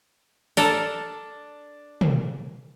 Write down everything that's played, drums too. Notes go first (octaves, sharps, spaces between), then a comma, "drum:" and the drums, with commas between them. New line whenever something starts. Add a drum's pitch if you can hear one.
D4 A4 A#4, drum: open hi-hat
drum: tom